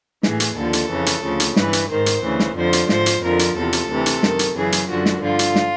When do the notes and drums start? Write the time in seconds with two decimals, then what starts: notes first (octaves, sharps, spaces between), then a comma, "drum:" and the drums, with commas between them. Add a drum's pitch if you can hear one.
0.23 A2 E3 G#4, drum: snare
0.40 drum: hi-hat
0.56 D#2 D3 F3 A4
0.73 drum: hi-hat
0.90 F2 C#3 E3
1.06 drum: hi-hat
1.23 D2 C#3 F3
1.40 drum: hi-hat
1.56 G2 E3 B4, drum: snare
1.73 drum: hi-hat
1.90 G#2 D#3 C5
2.06 drum: hi-hat
2.23 D2 C#3 E3
2.39 drum: snare
2.56 F2 D3 F3 C5
2.73 drum: hi-hat
2.89 G#2 F3 C5, drum: snare
3.06 drum: hi-hat
3.22 F2 D3 F3 A#4
3.39 drum: hi-hat
3.56 E2 C3 F3 A4
3.73 drum: hi-hat
3.89 D2 C3 E3
4.06 drum: hi-hat
4.23 F#2 D#3, drum: snare
4.39 drum: hi-hat
4.56 F#2 C#3 E3 G#4
4.72 drum: hi-hat
4.89 F#2 D3 F3 F#4
5.06 drum: snare
5.22 G2 D3 F3 F4
5.39 drum: hi-hat
5.56 drum: snare